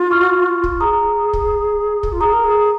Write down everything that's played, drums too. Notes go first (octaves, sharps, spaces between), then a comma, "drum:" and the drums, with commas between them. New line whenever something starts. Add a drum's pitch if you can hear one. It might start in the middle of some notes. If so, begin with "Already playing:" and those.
Already playing: F4
C#6 F6
drum: kick
G#4 A#5 D#6
drum: kick
drum: kick
F4
G#4 A#5 D#6
A#4
G#4